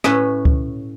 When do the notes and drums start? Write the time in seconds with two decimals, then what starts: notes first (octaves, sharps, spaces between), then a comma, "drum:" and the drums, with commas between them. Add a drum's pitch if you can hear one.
0.04 A2 C#4 B4 E5, drum: rim click
0.45 drum: kick C#2